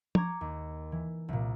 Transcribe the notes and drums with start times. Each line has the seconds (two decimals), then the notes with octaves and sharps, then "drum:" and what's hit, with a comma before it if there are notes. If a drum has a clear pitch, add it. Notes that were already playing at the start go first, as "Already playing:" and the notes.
0.15 A#5 C#6 D6 G#6, drum: tom
0.41 D#2
0.92 E3
1.28 C2 A#2